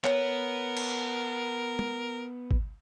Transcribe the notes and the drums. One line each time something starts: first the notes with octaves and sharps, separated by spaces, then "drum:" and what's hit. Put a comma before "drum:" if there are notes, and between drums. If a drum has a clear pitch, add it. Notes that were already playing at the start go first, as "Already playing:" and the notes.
B3 A#4 C#5, drum: clap
drum: cymbal
drum: tom
drum: kick